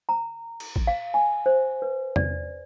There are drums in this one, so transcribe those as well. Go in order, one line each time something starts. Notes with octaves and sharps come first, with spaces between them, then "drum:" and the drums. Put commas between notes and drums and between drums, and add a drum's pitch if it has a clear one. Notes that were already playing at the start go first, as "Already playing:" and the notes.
A#5
drum: cymbal
drum: kick
F5
G#5
C5
B4
D5, drum: tom E2